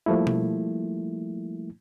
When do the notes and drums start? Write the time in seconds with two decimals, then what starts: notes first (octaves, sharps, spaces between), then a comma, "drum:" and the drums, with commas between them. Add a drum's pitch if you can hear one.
0.06 F3 G3 A3 A#3 E4
0.27 drum: tom B2